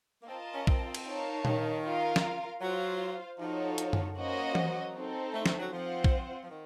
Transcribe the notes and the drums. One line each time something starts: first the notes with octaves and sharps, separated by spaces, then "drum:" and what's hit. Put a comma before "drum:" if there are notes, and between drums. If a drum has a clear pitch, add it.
A#3
C4 F4 A#4 D#5 A5
C#4
C4, drum: kick
drum: cymbal
D#4 A#4 C#5 F5 A5
D#3, drum: tom A#2
F4 A#4 F5
drum: snare
F#3 F4 C5 F5
F3 D#4 F#4 A4 C#5
drum: hi-hat
drum: tom F#2
A#3 C#4 F#4 C5 D#5
F#3, drum: tom E3
C4 D#4 A4 C5
A3
A3, drum: snare
F#3
F3 C4 F4 C5 F#5
drum: kick
F3
D#3